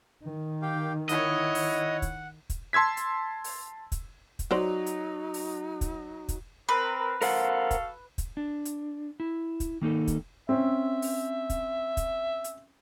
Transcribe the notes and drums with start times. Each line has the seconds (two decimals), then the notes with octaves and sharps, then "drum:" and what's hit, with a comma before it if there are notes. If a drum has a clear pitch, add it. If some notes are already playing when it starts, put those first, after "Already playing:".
0.23 D#3
0.62 G4 F5 G5
1.09 E4 C#5 D#5 F#5, drum: hi-hat
1.55 drum: open hi-hat
2.02 drum: kick, hi-hat
2.50 drum: kick, hi-hat
2.73 A5 C6 E6 G#6 B6
2.97 drum: hi-hat
3.44 drum: open hi-hat
3.92 drum: kick, hi-hat
4.39 drum: kick, hi-hat
4.51 F#3 D#4 F#4 C5 D5
4.86 drum: hi-hat
5.34 drum: open hi-hat
5.81 drum: kick, hi-hat
6.29 drum: kick, hi-hat
6.69 C4 A#4 B4
7.22 F#4 A4 A#4 C5 F5 F#5, drum: open hi-hat
7.71 drum: kick, hi-hat
8.18 drum: kick, hi-hat
8.37 D4
8.65 drum: hi-hat
9.20 E4
9.60 drum: kick, hi-hat
9.81 D#3 A#3 D#4 A4
10.07 drum: kick, hi-hat
10.49 C4 C#4 E5
11.02 drum: open hi-hat
11.50 drum: kick, hi-hat
11.97 drum: kick, hi-hat
12.44 drum: hi-hat